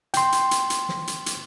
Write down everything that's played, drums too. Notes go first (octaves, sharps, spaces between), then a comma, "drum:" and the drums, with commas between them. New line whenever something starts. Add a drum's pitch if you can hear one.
G5 C6, drum: hi-hat
drum: hi-hat
drum: hi-hat
drum: hi-hat
drum: snare
drum: hi-hat
drum: hi-hat